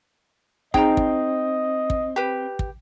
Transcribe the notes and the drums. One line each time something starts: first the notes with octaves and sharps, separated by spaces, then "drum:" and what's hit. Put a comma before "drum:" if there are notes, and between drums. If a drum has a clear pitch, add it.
C4 D#4 G#4 D#5 G5 A#5, drum: kick
drum: kick
drum: kick
G4 B4
drum: kick